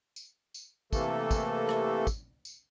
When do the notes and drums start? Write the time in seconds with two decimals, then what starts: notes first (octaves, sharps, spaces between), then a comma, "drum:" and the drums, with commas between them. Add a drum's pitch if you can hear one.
0.16 drum: tambourine
0.54 drum: tambourine
0.93 C3 E3 A3 A#3 A4, drum: kick, tambourine
1.31 drum: kick, tambourine
1.69 drum: rim click
2.07 drum: kick, tambourine
2.45 drum: tambourine